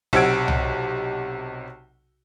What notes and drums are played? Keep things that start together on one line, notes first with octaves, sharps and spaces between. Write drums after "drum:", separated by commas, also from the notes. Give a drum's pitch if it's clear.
B1 C3 F#5 E6 G#6 D7, drum: kick
drum: tom C2